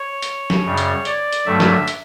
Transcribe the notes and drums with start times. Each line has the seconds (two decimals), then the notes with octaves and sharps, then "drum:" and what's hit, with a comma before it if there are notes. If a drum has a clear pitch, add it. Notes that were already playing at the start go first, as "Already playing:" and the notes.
Already playing: C#5
0.22 drum: hi-hat
0.50 drum: snare
0.64 F#2 C#3 G3
0.77 drum: hi-hat
1.05 D5, drum: hi-hat
1.33 drum: hi-hat
1.46 G2 D3 F#3 A3 E5
1.60 drum: snare
1.88 drum: hi-hat